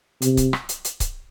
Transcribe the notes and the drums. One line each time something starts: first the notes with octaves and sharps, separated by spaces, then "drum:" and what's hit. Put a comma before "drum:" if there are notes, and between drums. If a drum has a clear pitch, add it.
C3, drum: hi-hat
drum: kick C#1, hi-hat
drum: rim click
drum: hi-hat
drum: hi-hat
drum: kick C#1, hi-hat